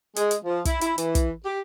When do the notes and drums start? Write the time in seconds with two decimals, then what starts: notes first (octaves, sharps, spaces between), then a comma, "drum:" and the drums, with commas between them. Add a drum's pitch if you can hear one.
0.16 G#3, drum: hi-hat
0.31 drum: hi-hat
0.45 F3
0.65 E4, drum: kick, hi-hat
0.81 E4, drum: hi-hat
0.98 E3, drum: hi-hat
1.15 drum: kick, hi-hat
1.44 G4